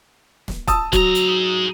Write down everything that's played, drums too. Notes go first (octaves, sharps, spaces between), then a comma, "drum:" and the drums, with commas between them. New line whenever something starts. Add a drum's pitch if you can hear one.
drum: snare
A5 D#6 E6, drum: kick, hi-hat
D2 F#3 A#5, drum: kick, hi-hat
drum: hi-hat
D#4 G#4